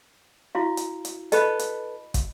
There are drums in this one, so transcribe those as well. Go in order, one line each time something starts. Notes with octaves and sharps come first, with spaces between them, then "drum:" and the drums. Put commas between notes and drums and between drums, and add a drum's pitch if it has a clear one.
E4 F#4 F5
drum: hi-hat
drum: hi-hat
A4 B4 D#5 B5, drum: hi-hat
drum: hi-hat
drum: kick, hi-hat